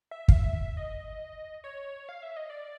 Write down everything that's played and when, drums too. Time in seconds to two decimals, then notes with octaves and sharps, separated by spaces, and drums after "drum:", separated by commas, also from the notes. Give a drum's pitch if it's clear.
0.11 E5
0.28 F5, drum: kick
0.33 E5
0.77 D#5
1.64 C#5
2.09 F5
2.23 E5
2.37 D#5
2.50 D5